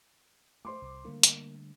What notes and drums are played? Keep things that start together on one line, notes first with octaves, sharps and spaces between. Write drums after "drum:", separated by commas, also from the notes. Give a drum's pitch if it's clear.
A3 C5 C6 D6
C2
D3 G3 A3 A#3
drum: hi-hat